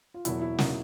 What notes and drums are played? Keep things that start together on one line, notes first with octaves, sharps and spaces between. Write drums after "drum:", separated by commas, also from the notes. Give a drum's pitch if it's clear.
F4
E2 B2 F#3 A#3 E4, drum: hi-hat
E4
B2 F#3 A#3 D#4, drum: snare